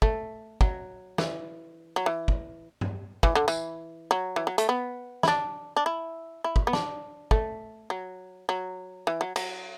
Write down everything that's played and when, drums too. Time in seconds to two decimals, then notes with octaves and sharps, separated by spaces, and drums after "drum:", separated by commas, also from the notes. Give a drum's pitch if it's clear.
0.02 A3, drum: kick
0.61 F#3, drum: kick
1.18 E3, drum: snare
1.96 F#3
2.06 E3
2.28 drum: kick
2.81 drum: tom G2
3.23 E3, drum: kick
3.35 D3
3.48 E3, drum: tambourine
4.11 F#3
4.36 E3
4.47 F#3
4.58 A3, drum: hi-hat
4.69 B3
5.23 E4, drum: snare
5.28 D4
5.76 D4
5.86 E4
6.44 E4
6.56 drum: kick
6.67 B3
6.73 D4, drum: snare
7.31 A3, drum: kick
7.90 F#3
8.49 F#3
9.07 E3
9.21 F#3
9.36 F#3, drum: cymbal